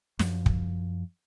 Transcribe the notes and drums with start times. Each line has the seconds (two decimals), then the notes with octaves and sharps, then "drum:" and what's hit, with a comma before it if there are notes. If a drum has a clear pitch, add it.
0.19 F#2 F3, drum: snare
0.46 drum: kick